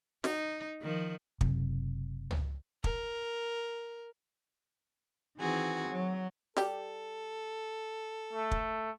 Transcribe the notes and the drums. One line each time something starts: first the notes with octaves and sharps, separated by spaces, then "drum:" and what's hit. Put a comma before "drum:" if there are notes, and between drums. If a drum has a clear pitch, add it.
D#4, drum: snare
D#3 F3
F#1 C3 F#3, drum: kick
drum: tom
A#4, drum: kick
D#3 E3 C4 F#4 G#4
F#3
G3 G4 A4, drum: snare
A3
drum: kick